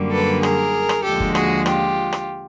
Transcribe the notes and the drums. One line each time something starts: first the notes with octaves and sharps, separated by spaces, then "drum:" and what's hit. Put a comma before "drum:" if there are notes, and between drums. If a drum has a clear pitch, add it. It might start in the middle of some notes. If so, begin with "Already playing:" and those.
Already playing: F#2 D3 G3 A#3
A4 B4
G#4 A#4, drum: rim click
drum: rim click
D#2 D3 F3 G#3 G4 A4
drum: kick F#1
F#4 G#4, drum: rim click
F4 G4, drum: rim click
drum: rim click